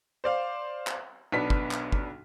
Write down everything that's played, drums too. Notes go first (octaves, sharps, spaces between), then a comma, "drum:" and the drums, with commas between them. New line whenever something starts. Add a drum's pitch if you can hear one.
C5 D5 F5
drum: clap
B1 B3 D4 B6
drum: kick
drum: clap
drum: kick